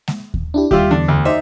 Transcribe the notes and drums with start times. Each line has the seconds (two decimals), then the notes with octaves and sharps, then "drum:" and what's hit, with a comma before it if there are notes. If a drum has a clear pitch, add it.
0.08 drum: snare G#3
0.34 drum: kick D#2
0.54 D4 E4 G4
0.71 D#2 G3 F4 G4 E5, drum: kick D#2
0.91 E2 D3 D4
1.08 D2
1.25 D#4 C5 D5 E5